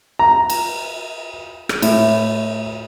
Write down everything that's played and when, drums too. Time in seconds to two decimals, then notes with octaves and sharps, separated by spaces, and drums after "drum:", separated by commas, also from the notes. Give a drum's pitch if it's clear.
0.19 A#5
0.50 drum: cymbal
1.69 drum: rim click
1.82 A2, drum: cymbal